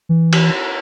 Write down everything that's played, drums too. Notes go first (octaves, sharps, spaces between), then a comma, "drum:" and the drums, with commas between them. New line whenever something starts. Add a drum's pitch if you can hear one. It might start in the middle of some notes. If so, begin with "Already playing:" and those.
E3
drum: cymbal